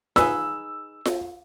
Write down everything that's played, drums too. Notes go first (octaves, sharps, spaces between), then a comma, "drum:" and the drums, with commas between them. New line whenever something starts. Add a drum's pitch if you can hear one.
D#4 G#4 B4 E6, drum: snare F4
drum: snare F4